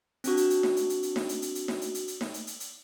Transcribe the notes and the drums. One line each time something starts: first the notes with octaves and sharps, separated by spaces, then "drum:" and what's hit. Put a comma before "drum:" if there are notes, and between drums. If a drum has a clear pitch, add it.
C4 D4 F#4, drum: hi-hat
drum: hi-hat
drum: hi-hat
drum: snare D#4
drum: hi-hat
drum: hi-hat
drum: hi-hat
drum: snare D#4
drum: hi-hat
drum: hi-hat
drum: hi-hat
drum: snare D#4
drum: hi-hat
drum: hi-hat
drum: hi-hat
drum: snare D#4
drum: hi-hat
drum: hi-hat
drum: hi-hat